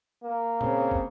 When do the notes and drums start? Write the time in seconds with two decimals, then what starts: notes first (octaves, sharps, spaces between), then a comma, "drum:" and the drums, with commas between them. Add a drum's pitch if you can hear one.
0.23 A#3
0.61 C#3 C4, drum: tom A#2
0.91 drum: kick